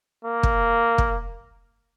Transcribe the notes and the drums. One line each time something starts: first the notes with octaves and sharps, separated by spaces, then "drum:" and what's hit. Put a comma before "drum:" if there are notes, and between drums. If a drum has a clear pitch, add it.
A#3
drum: kick
drum: kick